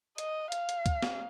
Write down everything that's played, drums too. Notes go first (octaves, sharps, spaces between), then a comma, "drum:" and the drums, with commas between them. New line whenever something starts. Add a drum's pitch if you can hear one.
D#5, drum: hi-hat
F5, drum: hi-hat
drum: hi-hat
drum: kick, hi-hat
drum: snare